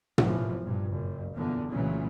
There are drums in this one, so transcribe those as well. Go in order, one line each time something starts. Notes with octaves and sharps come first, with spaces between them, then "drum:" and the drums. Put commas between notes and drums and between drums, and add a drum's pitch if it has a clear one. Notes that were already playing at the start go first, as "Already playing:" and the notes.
F1 F#2 B2 E3 F3, drum: tom
G2 A#2
F#1
E2 A#2 D3
C2 A#2 C#3 E3 F#3 A3